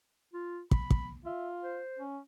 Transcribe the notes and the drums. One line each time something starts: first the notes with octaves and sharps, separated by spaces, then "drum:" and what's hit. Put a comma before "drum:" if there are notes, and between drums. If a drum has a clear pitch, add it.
F4
B5, drum: kick
drum: kick
F4 E5
C5
C#4